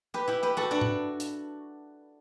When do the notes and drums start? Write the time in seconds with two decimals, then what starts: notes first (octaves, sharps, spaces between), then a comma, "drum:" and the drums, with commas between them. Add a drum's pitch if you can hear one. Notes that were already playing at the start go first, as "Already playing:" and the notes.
0.14 G4 B4
0.28 E4 G4
0.43 G4 B4
0.57 F#4 A4
0.71 D4 F#4
0.81 drum: tom A2
1.20 drum: hi-hat